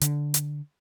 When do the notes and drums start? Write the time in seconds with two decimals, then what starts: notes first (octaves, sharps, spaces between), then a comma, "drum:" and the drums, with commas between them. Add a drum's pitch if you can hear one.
0.01 D3, drum: hi-hat
0.34 drum: hi-hat